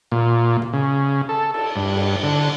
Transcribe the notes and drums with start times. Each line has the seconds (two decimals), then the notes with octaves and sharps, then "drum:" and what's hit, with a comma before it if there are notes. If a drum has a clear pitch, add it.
0.12 A#2
0.62 drum: tom A#2
0.73 C#3
1.29 A4
1.54 A4, drum: cymbal
1.76 G2
1.96 drum: cymbal
2.23 D3